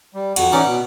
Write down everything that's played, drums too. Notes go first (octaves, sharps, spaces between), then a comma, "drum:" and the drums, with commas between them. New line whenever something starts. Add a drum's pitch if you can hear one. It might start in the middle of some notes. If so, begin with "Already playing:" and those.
G3
F2 F#4, drum: cymbal
E3 C#4 D#4 D5 F#5
B2